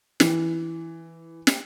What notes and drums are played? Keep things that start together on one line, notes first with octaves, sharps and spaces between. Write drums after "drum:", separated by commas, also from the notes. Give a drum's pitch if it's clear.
E3, drum: snare
drum: snare